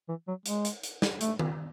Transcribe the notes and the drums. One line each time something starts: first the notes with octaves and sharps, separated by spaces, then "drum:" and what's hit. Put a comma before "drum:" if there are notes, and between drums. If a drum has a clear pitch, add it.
E3
F#3
G#3, drum: hi-hat
drum: hi-hat
drum: hi-hat
drum: snare
A3, drum: hi-hat
drum: tom D#3